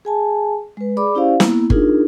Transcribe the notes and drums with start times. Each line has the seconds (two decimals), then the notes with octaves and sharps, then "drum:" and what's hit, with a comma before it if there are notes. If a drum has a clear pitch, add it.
0.05 G#4 G#5 A5
0.77 G#3 B4
0.97 G#4 D5 B5 D6
1.15 C#4 E4 G4 C5 D5 F5
1.40 A#3 B3 E4, drum: snare
1.70 D4 D#4 F4 G#4 A#4, drum: kick G1